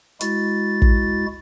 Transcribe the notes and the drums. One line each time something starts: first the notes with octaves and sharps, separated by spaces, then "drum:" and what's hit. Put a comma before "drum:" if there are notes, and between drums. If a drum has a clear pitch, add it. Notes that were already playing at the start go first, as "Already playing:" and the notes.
G#3 E4 F#4 A6, drum: hi-hat
drum: kick